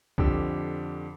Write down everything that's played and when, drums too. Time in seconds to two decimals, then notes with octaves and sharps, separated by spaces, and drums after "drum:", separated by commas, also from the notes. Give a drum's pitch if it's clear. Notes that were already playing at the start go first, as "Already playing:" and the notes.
0.18 F2 D3 G4 E6, drum: kick B1